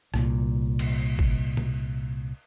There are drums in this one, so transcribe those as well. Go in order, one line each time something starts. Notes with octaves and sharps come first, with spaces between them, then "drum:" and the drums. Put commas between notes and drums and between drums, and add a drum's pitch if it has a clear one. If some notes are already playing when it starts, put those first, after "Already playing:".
C2 A#2, drum: rim click
drum: cymbal
drum: kick
drum: tom B2